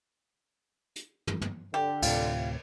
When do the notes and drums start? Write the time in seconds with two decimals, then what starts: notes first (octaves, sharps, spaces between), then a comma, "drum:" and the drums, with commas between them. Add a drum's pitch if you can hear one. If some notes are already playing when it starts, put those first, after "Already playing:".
0.96 drum: hi-hat
1.27 drum: tom
1.42 drum: tom
1.74 D3 G4
2.02 D2 A2 C3 F4, drum: cymbal